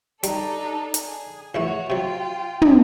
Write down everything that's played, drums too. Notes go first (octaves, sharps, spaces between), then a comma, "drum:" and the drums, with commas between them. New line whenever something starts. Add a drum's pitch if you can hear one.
G3 D4 D#4 A4, drum: hi-hat
drum: hi-hat
G#4
A#1 E3 A3 F#4 C#5
C3 F#3 F4 G5
drum: tom